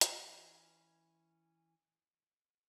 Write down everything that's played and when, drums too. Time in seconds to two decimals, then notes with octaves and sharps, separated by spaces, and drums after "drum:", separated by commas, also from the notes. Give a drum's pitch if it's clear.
0.01 E3 C#4, drum: hi-hat